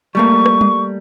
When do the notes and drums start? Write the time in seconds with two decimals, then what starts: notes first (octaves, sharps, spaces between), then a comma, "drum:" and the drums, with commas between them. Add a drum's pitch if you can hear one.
0.15 G3 A3 A#3 C#6
0.46 drum: rim click
0.61 drum: tom G3